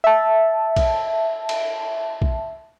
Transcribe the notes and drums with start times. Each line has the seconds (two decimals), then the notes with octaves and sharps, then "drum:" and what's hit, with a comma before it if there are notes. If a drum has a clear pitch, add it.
0.04 E5 A5
0.76 drum: kick A#1, cymbal
1.49 drum: cymbal
2.22 drum: kick A#1